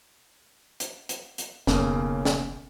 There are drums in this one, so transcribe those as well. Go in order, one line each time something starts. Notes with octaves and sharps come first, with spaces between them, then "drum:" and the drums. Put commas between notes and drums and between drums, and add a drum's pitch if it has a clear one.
drum: hi-hat
drum: hi-hat
drum: hi-hat
F1 B1 C#3 A#3, drum: snare
drum: snare